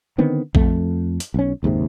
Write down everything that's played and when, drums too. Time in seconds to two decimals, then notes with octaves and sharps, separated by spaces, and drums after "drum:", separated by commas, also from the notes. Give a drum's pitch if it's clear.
0.18 D3 D#3 B3 C4
0.55 F2 A3, drum: kick A#1
1.20 drum: hi-hat
1.34 B1 C#4
1.63 F#1 D#2 G#2 C3